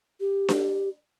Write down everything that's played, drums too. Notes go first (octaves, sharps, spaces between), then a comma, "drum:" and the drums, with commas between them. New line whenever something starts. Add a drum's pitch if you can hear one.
G4
drum: snare D4